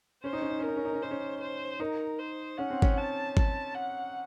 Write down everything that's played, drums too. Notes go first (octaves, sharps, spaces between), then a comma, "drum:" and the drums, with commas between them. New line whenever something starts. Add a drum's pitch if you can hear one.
C#4 C5
D#4
C#4
D#4
C#4
A#4
D#4
C#4
D#4
C#4
D#4 C5
C#4
C5
D#4 A#4
C5
C#4 F#5
C4
C#4, drum: kick G#1
A5
A5, drum: kick G#1
F#5